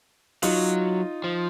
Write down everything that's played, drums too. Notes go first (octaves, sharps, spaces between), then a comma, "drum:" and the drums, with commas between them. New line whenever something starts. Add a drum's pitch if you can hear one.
F#3 D#4 F4, drum: open hi-hat
F3